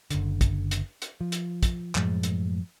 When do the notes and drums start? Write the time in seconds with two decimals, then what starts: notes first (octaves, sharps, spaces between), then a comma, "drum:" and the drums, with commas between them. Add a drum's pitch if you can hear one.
0.11 F#1 D3, drum: hi-hat
0.41 drum: kick, hi-hat
0.71 drum: hi-hat
1.02 drum: hi-hat
1.21 F3
1.32 drum: hi-hat
1.63 drum: kick, hi-hat
1.95 F#2 A2 F3 G#3, drum: clap
2.23 drum: hi-hat